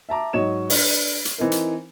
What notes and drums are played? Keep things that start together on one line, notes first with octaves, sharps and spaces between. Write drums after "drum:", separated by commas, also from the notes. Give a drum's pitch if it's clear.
E5 A5 A#5 D6
G#2 F#3 C#5 D#5 E7
D4 B4, drum: open hi-hat
drum: hi-hat
E3 C4 D#4 A#4
drum: hi-hat